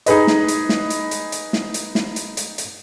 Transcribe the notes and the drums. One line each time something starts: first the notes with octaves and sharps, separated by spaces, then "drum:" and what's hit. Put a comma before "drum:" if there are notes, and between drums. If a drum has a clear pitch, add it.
D#4 G#4 B4 D#5, drum: hi-hat
drum: snare
drum: hi-hat
drum: snare
drum: hi-hat
drum: hi-hat
drum: hi-hat
drum: snare
drum: hi-hat
drum: snare
drum: hi-hat
drum: hi-hat
drum: hi-hat